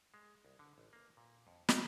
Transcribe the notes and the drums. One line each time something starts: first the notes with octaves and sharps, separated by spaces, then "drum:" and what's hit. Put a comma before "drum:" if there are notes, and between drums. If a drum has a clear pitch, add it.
G#3
C2
D3
A1
A#3
A#2
F2
F#3, drum: snare